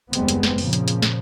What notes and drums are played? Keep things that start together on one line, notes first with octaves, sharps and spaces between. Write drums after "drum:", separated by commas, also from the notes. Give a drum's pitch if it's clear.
F#1 D#2 G3 G#3 B3 C4, drum: hi-hat
drum: hi-hat
drum: snare
A#2 C#3 F3, drum: open hi-hat
drum: hi-hat
drum: hi-hat
drum: snare